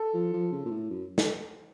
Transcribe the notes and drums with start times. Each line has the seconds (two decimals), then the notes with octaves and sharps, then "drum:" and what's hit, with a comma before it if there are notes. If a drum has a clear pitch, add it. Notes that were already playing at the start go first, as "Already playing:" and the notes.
Already playing: A4
0.14 F3
0.33 F3
0.52 C#3
0.65 A#2
0.71 A2
0.90 F#2
1.18 drum: snare